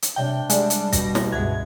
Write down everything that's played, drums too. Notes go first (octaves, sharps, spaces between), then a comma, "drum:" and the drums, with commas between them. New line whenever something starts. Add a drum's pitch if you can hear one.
drum: hi-hat
C3 G3 D4 C#5 E5 G5 A5
G3 G#3 D5 E5 F#5, drum: hi-hat
drum: hi-hat
B2 A#6, drum: kick, hi-hat
drum: snare
C#2 G2 G#3 C5 E5 F#5 G#6